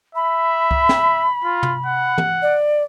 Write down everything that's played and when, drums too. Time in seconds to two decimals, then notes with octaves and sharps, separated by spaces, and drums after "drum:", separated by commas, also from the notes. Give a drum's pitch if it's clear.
0.15 E5 B5
0.71 drum: kick C2
0.89 drum: snare
1.44 F4
1.63 drum: tom
1.86 F#5
2.18 drum: tom
2.42 D5